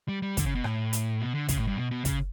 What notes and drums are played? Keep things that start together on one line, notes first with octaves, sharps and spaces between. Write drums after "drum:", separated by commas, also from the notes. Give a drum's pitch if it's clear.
G3
G3
D3, drum: kick, hi-hat
C#3
B2
A2, drum: rim click
drum: hi-hat
B2
D3
C#3, drum: kick, hi-hat
A2
G2
B2
B2
C#3, drum: kick, hi-hat